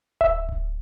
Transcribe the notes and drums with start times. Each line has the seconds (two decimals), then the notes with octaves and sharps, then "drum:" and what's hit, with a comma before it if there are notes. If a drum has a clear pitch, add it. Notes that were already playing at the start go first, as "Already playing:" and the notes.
0.21 E5, drum: kick D1
0.49 drum: kick D1